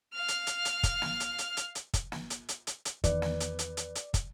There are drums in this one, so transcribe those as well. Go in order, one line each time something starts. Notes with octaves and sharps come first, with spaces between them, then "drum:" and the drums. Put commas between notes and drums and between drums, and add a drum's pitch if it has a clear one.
F5 F6
drum: hi-hat
drum: hi-hat
drum: hi-hat
drum: kick, hi-hat
drum: snare
drum: hi-hat
drum: hi-hat
drum: hi-hat
drum: hi-hat
drum: kick, hi-hat
drum: snare
drum: hi-hat
drum: hi-hat
drum: hi-hat
drum: hi-hat
E2 D#3 B4 D5, drum: kick, hi-hat
drum: snare
drum: hi-hat
drum: hi-hat
drum: hi-hat
drum: hi-hat
drum: kick, hi-hat